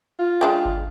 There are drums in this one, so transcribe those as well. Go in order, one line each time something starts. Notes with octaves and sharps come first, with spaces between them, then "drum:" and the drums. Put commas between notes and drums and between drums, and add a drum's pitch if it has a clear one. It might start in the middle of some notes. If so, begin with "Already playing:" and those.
F4
G#3 D4 G5
drum: kick G1